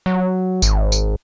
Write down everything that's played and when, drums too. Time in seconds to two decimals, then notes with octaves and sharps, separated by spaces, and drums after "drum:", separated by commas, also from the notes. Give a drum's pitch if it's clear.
0.06 F#3
0.62 G#1, drum: tambourine
0.92 drum: tambourine